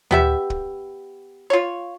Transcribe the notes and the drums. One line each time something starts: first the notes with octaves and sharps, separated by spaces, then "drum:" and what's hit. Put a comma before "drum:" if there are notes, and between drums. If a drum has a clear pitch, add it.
B3 G4 E5, drum: tom D2
drum: kick
F4 C#5